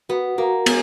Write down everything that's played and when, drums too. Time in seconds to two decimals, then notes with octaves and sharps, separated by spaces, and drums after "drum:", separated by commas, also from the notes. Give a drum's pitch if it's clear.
0.09 B3 F#4
0.38 A#3 F#4
0.66 G#3 B3, drum: cymbal